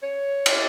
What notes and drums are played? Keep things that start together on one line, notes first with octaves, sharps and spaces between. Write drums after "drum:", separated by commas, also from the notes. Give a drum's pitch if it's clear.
C#5
drum: cymbal